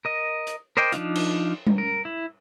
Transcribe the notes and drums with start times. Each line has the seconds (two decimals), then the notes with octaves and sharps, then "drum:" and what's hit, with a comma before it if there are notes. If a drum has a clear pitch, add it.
0.05 A#4 D#5
0.47 drum: hi-hat
0.77 A#4 C5 D5 D#5 G5
0.92 F3 D4 D#4 F4, drum: hi-hat
1.15 drum: cymbal
1.67 drum: tom G3
1.78 A#4
2.05 E4